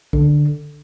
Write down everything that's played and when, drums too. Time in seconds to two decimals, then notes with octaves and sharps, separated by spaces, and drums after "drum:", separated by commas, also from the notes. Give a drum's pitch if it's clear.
0.13 D3, drum: kick